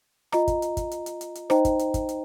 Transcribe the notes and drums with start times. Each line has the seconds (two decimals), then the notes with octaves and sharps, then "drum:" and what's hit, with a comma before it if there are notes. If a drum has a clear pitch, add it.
0.32 F4 D#5 A#5, drum: rim click
0.48 drum: kick, hi-hat
0.62 drum: hi-hat
0.77 drum: kick, hi-hat
0.91 drum: hi-hat
1.06 drum: hi-hat
1.21 drum: hi-hat
1.35 drum: hi-hat
1.50 D#4 C5 D#5 G5 A#5, drum: rim click
1.65 drum: kick, hi-hat
1.79 drum: hi-hat
1.94 drum: kick, hi-hat
2.09 drum: hi-hat